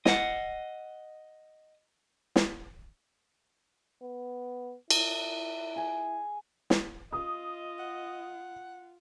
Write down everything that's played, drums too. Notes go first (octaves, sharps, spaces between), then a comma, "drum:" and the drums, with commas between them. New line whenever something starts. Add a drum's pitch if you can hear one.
D#5 F#5, drum: snare
drum: snare
B3
E4, drum: cymbal
G#4 G#5
drum: snare
F4 D#5 D#6
F#5